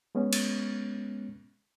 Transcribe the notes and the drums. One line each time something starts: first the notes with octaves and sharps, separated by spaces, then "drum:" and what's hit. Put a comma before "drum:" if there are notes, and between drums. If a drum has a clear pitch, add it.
G#3 B3 C#4
drum: cymbal